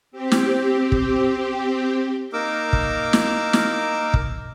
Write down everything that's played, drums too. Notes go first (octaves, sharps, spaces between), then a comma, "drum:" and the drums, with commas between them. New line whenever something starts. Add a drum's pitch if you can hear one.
C4 G4
drum: snare
drum: kick
A#3 D#4 A#4 D6 E6
drum: kick
drum: snare
drum: snare
drum: kick